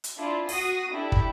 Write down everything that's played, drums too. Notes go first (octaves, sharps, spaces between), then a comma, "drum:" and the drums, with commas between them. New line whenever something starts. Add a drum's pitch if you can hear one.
drum: hi-hat
D4 E4 F4
F#4 D#6 A#6 C7, drum: open hi-hat
D4 E4 G4 A4
drum: kick